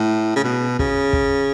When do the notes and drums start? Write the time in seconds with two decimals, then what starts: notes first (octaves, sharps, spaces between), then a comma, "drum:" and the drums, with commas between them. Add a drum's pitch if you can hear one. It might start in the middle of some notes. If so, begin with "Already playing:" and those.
Already playing: A2
0.36 C#3
0.44 B2
0.79 C#3, drum: kick
1.13 drum: kick